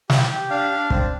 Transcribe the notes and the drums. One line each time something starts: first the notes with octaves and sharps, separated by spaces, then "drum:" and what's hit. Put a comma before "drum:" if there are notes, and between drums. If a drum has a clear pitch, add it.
G4, drum: snare
G4
D4 F5
D4
C4, drum: kick